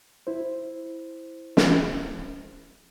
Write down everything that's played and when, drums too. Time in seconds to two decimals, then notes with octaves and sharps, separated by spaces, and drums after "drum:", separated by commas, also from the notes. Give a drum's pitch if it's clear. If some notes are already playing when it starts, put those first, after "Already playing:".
0.27 E4 C5
1.57 drum: snare